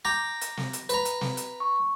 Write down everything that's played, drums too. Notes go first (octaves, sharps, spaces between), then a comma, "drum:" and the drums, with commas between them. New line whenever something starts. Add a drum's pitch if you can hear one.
G5 A#5 D6 A#6
drum: hi-hat
drum: snare
drum: hi-hat
B4 A#5, drum: hi-hat
drum: hi-hat
drum: snare
drum: hi-hat
C#6